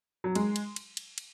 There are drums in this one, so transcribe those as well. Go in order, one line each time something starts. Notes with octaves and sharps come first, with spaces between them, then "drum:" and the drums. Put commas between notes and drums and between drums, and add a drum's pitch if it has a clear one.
F#3
G#3, drum: cymbal
drum: cymbal
drum: cymbal
drum: cymbal
drum: cymbal